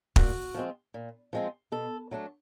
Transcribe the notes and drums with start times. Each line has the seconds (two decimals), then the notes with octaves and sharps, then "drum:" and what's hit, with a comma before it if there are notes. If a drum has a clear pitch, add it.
0.16 A#2 F#4, drum: kick
0.54 F3 G#3 C4
0.94 A#2
1.33 F3 G#3 C4
1.72 B2 A4
2.11 F#3 A3 D4